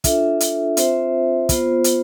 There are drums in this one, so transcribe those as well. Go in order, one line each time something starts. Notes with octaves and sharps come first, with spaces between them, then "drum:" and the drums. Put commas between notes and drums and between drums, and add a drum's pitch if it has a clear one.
D4 F4 A4 E5, drum: kick, hi-hat
drum: hi-hat
C4 F4 C5 E5, drum: hi-hat
B3 F4 C5, drum: kick, hi-hat
drum: hi-hat